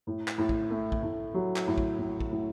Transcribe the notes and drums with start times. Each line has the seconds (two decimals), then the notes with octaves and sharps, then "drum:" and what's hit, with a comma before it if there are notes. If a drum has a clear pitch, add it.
0.07 A2
0.28 drum: clap
0.38 A2
0.49 drum: kick
0.71 A3
0.92 drum: kick
1.03 A2
1.34 F#3
1.56 drum: clap
1.67 A2
1.78 drum: kick
1.98 A2
2.20 drum: kick
2.31 A2